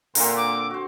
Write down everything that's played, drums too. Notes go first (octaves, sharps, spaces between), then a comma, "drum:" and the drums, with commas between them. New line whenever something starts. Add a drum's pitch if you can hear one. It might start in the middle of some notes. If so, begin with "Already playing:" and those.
A#2 D3 C4, drum: open hi-hat
D6
F#4 C5